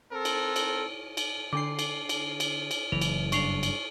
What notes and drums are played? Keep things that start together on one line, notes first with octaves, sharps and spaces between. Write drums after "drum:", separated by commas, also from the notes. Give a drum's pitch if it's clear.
C4 A4 A#4
drum: cymbal
drum: cymbal
drum: cymbal
D3 D4 D6 C7
drum: cymbal
drum: cymbal
drum: cymbal
drum: cymbal
F#1 E3 F7
drum: cymbal
G2 D4 C#6 C7 F7, drum: cymbal
drum: cymbal